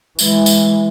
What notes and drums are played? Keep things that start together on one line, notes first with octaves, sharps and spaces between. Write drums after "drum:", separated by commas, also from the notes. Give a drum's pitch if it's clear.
E3 G#3, drum: tambourine
drum: tambourine